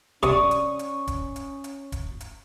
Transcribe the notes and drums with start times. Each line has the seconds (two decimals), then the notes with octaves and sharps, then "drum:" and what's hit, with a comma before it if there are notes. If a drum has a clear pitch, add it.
0.23 G2 C3 C#4 D5 C#6 D#6, drum: kick D#1, hi-hat
0.51 drum: hi-hat
0.79 drum: hi-hat
1.07 drum: kick D#1, hi-hat
1.36 drum: hi-hat
1.64 drum: hi-hat
1.92 drum: kick D#1, hi-hat
2.20 drum: hi-hat